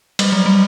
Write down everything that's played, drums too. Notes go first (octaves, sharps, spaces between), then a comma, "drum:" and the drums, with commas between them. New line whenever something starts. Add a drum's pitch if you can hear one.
G3, drum: cymbal
F#3
G3